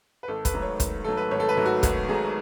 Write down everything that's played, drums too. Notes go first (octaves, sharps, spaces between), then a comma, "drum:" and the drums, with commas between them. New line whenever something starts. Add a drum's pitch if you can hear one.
B4
G#1 A4
B4, drum: kick, hi-hat
G#2 F#3 A3
C#5
G#1, drum: kick, hi-hat
G#2 F#3 A3 A4
B4
G#1 C#5
A4
B4
G#2 F#3 A3
F#4
G#1 F#4, drum: kick, hi-hat
G#2 F#3 A3 G#4